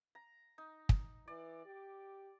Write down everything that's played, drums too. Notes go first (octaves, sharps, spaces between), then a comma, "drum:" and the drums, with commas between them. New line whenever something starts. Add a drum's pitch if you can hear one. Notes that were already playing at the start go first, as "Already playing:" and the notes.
A#5
D#4
drum: kick
E3 D5
G4